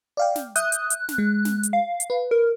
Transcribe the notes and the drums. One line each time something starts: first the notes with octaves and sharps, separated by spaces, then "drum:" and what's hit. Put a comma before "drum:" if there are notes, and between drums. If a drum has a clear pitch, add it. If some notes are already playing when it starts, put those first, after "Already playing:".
D5 F5 G5
drum: snare
E5 D#6 F#6 G6, drum: hi-hat
drum: hi-hat
drum: hi-hat
drum: snare
G#3
drum: snare
drum: hi-hat
F5
drum: hi-hat
B4
A#4